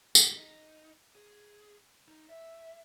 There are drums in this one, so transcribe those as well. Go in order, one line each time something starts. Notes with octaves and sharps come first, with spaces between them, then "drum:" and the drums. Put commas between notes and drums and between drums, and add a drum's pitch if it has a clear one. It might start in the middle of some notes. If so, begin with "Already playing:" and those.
G#2, drum: tambourine
D#4
G#4
D#4
E5